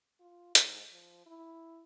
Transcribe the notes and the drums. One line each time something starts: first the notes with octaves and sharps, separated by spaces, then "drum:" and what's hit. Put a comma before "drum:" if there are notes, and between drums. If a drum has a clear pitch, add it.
F4
G#2, drum: hi-hat
F3
E4